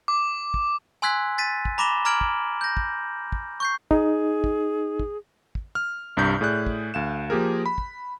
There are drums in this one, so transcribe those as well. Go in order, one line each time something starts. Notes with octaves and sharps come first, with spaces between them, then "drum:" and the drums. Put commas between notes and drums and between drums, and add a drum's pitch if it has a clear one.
D6
drum: kick
G#5 C6 E6 F#6 G#6 B6
A6 B6 D#7
drum: kick
A#5 B5 D6 A#6 E7 G7
A#5 D6 F6 G#6 D7 F#7
drum: kick
G6 A#6
drum: kick
drum: kick
C#6 G6 C7
D#4 G#4, drum: kick
drum: kick
drum: kick
drum: kick
F6
C2 G2 A#5 G6 B6
A2 G#4 D5 F#6
drum: kick
D2 F5 E7
F3 A#3 G4 G#4 A#4
B5
drum: kick